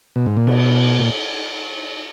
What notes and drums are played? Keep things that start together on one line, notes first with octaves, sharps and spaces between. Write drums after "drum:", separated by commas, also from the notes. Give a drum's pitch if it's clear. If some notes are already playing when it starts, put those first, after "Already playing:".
B2
G#2
A#2
B2, drum: cymbal
A#2